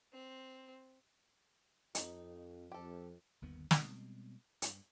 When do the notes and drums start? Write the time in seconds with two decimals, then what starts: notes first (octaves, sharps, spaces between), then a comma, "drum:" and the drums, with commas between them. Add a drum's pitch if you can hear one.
0.13 C4
1.95 F2 D#4, drum: hi-hat
2.72 F2 G4 A4
3.42 G1 D#2 D#3 B3
3.71 B2 G3 G#3 C4, drum: snare
4.62 G2, drum: hi-hat